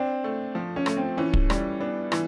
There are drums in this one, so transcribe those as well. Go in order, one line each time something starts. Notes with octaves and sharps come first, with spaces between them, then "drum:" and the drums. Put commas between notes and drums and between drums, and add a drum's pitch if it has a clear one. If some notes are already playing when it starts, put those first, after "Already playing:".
Already playing: C4 D4
A3
F3
C#4
A3, drum: rim click
C4
E3 C#4
drum: kick
G3, drum: rim click
B3 D4
E3, drum: rim click